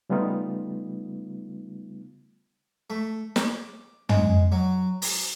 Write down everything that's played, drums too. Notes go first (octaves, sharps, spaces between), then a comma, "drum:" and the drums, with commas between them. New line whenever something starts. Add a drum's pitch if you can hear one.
C#3 G3 A3 B3 D#4 F4
A3
D6, drum: snare
G#3, drum: tom
F#3
A#5, drum: open hi-hat